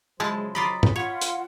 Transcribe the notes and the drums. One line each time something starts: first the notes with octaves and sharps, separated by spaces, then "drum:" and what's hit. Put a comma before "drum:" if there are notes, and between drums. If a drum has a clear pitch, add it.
C#3 F3 F#3 G#3 E4 C5 A5
F4 D5 D#5 A#5 B5
drum: tom G#2
F4 C#5 F#5
drum: hi-hat